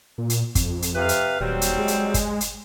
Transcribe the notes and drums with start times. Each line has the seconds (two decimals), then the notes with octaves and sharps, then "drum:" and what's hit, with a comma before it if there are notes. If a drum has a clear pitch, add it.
0.18 A#2
0.30 drum: hi-hat
0.55 F2, drum: kick G1, hi-hat
0.82 drum: hi-hat
0.96 C3 B4 F5
1.09 drum: hi-hat
1.40 D#1 F#3 G3 C4
1.61 drum: hi-hat
1.79 G#3
1.88 drum: hi-hat
2.14 drum: kick G1, hi-hat
2.41 drum: hi-hat